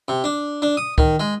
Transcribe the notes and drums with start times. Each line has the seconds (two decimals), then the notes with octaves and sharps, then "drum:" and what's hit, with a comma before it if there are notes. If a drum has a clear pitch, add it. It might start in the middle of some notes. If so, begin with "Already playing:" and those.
0.08 C3
0.24 D4
0.62 D4
0.77 D#6
0.98 D#3, drum: kick C#2
1.20 G#3